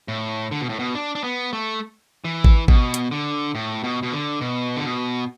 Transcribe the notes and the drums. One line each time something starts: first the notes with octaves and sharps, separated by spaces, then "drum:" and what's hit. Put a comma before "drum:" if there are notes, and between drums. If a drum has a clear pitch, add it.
A2
D3
B2
A2
B2
D4
D4
B3
A3
E3
drum: kick G#1
B2, drum: kick G#1
drum: hi-hat
D3
A2
B2
B2
D3
B2
D3
B2